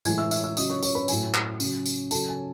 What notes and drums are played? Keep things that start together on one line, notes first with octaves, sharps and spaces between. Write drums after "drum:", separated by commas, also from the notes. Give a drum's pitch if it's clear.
A2 E3 G#3 G#5 G#6, drum: tambourine
E5 E6
E5 E6, drum: tambourine
E5 E6
C#3 F#3 D#5 D#6, drum: tambourine
C#5 C#6
C#5 C#6, drum: tambourine
B4 B5
A2 F#3 G#5, drum: tambourine
drum: clap
C#3 F#3, drum: tambourine
drum: tambourine
C#3 F#3 A4 A5, drum: tambourine
G#5